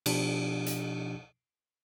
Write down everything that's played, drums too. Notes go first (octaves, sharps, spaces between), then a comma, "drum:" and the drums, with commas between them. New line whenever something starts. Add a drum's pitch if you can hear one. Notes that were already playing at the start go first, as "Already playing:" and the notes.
B2 F3 D4 G4, drum: cymbal
drum: hi-hat